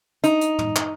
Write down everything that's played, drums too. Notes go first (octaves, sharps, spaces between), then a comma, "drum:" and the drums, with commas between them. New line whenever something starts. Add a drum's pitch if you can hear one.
D#4, drum: hi-hat
drum: hi-hat
drum: tom
drum: clap